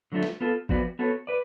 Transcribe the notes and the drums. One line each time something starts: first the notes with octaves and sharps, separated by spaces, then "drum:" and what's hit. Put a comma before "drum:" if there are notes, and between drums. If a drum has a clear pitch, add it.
D3 F#3 A3 D4 F4
drum: snare
B3 F4 A4
F3 B3 F#4 B4 D5, drum: kick
B3 F#4 A4 C#5
B4 D5